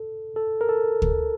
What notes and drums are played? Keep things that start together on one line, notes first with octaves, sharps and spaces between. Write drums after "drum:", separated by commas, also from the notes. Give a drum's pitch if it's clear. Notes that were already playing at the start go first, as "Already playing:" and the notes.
Already playing: A4
A4
A#4
A4
drum: kick D2